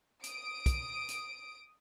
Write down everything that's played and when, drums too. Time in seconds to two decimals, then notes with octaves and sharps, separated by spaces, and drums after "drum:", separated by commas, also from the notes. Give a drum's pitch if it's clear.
0.24 D#6 D7, drum: hi-hat
0.66 drum: kick, hi-hat
1.08 drum: hi-hat